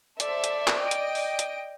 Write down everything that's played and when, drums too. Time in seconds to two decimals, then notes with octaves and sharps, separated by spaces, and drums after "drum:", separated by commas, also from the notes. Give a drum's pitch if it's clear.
0.20 A4 C5 D5 E5, drum: hi-hat
0.44 drum: hi-hat
0.67 drum: clap
0.81 D#5 G5 D7
0.91 drum: hi-hat
1.15 drum: open hi-hat
1.39 drum: hi-hat